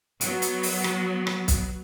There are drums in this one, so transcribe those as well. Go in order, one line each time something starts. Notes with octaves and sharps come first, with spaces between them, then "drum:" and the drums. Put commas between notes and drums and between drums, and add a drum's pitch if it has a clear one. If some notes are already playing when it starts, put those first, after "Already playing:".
F#3 B3, drum: hi-hat
drum: hi-hat
drum: open hi-hat
drum: rim click
drum: rim click
drum: kick B1, hi-hat